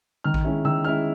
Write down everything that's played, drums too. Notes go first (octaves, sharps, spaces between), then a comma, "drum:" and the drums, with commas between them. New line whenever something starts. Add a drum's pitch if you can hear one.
D#3 F6
drum: kick A#1
G#3 C#4 E4
D#3 E6
G#3 C#4 E4 F6